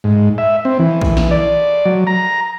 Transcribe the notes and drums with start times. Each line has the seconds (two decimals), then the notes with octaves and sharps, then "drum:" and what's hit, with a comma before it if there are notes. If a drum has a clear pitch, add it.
0.04 G#2
0.38 E5
0.65 C4
0.79 E3
1.01 drum: kick A#1
1.17 drum: snare
1.31 D5
1.86 F#3
2.07 A#5